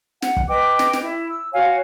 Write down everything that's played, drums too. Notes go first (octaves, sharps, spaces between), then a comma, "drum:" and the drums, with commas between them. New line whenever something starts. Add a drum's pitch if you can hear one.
F#5, drum: snare
drum: kick
B4 D#5 G5 D6
drum: snare
drum: snare
E4
E6
F#4 C#5 F5 G#5